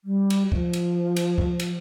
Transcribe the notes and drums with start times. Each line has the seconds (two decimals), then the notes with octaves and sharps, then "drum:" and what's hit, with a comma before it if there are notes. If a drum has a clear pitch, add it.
0.04 G3
0.30 drum: cymbal
0.52 F3, drum: kick
0.73 drum: cymbal
1.16 drum: cymbal
1.38 drum: kick
1.60 drum: cymbal